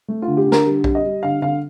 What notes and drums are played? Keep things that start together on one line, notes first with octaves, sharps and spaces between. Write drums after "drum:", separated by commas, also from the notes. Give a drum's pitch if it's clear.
A3
F4
D3
G4
D3
A#4, drum: snare
G3
G3, drum: kick
D#5
G3
D3 F5
D3 F5